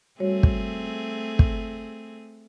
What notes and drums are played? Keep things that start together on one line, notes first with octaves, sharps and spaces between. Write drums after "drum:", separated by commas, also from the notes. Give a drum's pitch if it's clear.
G3 A3 C4 F#4 G#4 C#5
drum: kick
drum: kick